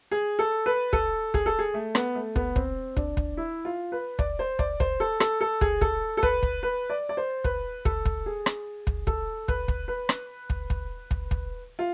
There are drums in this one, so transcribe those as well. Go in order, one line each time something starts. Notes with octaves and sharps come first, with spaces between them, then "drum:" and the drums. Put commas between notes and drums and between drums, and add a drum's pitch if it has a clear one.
G#4
A4
B4
A4, drum: kick
G#4, drum: kick
A4
G#4
A3
B3, drum: rim click
A3
B3, drum: kick
C4, drum: kick
D4, drum: kick
drum: kick
E4
F4
B4
D5, drum: kick
C5
D5, drum: kick
C5, drum: kick
A4
A4, drum: rim click
A4
G#4, drum: kick
A4, drum: kick
A4
B4, drum: kick
drum: kick
B4
D5
D5
C5
B4, drum: kick
A4, drum: kick
drum: kick
G#4
drum: rim click
drum: kick
A4, drum: kick
B4, drum: kick
drum: kick
B4
drum: rim click
drum: kick
drum: kick
drum: kick
drum: kick
F4